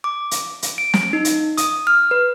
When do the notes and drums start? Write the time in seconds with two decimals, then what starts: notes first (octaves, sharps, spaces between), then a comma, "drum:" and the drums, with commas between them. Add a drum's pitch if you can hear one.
0.04 D6
0.31 drum: hi-hat
0.62 drum: hi-hat
0.78 D7
0.94 drum: snare
1.13 D#4
1.25 drum: hi-hat
1.57 D#6, drum: hi-hat
1.87 F6
2.11 B4